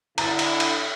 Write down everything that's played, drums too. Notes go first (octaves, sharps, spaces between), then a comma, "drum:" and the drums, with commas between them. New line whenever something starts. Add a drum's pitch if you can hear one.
D3 E4 A#5 A6, drum: cymbal
drum: cymbal
drum: cymbal